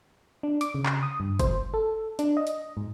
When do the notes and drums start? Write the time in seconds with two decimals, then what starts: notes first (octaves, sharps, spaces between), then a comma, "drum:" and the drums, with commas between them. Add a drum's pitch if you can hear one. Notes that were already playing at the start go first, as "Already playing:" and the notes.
0.43 D4
0.61 D6, drum: hi-hat
0.75 C#3
0.86 drum: clap
1.03 D#6
1.20 G2
1.39 C5, drum: kick, hi-hat
1.74 A4
2.19 D4, drum: hi-hat
2.37 D#5
2.47 drum: hi-hat
2.77 G#2